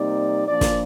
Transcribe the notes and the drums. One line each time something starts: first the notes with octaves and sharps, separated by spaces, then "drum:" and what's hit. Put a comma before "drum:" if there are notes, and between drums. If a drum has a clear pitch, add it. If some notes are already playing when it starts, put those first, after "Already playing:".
Already playing: C3 G3 A#3 D#4 D5
A#2 F3 A#3 D4 D5
drum: snare